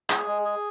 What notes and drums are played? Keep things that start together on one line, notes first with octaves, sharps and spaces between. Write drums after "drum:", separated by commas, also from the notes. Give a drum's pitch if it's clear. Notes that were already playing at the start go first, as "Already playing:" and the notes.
G#4, drum: clap
G#3
G#4